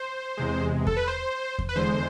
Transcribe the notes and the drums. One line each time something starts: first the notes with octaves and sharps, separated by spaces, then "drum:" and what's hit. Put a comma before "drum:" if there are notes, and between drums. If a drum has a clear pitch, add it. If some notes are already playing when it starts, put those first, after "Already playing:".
Already playing: C5
E2 C3 G#3
A4, drum: kick E2
B4
C5
drum: kick E2
B4
E2 D3 G#3 C5